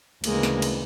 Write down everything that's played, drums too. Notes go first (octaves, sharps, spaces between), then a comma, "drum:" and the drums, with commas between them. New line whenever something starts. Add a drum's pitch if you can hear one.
D2 C#3 E3 G#3 A#3, drum: cymbal
drum: snare
drum: cymbal